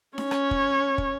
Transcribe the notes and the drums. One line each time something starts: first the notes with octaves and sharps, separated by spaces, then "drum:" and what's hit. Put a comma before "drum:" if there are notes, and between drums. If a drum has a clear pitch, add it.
C#4 C#5, drum: snare
drum: rim click
drum: kick
drum: kick